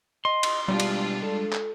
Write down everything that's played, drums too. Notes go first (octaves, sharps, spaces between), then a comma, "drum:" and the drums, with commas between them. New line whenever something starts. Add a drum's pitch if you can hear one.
D#5 C6
drum: cymbal
B2 G3 G#3 D4 E4 F4 G4
drum: cymbal
A4
drum: clap